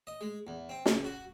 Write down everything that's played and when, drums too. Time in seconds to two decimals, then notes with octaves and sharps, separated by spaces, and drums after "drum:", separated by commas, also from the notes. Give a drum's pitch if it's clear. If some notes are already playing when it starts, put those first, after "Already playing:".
0.07 D#5
0.21 G#3
0.47 E2
0.69 C4
0.86 C#2, drum: snare
1.04 F#4